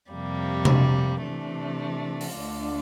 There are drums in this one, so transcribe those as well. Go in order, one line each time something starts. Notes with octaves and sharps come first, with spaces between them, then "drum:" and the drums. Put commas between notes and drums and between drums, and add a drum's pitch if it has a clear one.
F2 C3 G3 A#3
drum: tom C3
C3 E3 A3 D4
drum: open hi-hat
D2 D3 A3 D4 F4